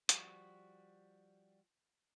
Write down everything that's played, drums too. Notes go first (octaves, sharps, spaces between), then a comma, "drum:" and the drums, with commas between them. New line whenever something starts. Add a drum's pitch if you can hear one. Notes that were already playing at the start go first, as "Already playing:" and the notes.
F3 G3 F#4, drum: hi-hat